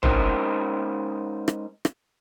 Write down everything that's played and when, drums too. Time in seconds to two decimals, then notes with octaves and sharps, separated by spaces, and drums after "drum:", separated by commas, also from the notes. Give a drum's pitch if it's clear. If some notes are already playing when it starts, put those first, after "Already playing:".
0.03 G#3 C#4 D#4 A#4 C5, drum: tom
1.48 drum: rim click
1.85 drum: rim click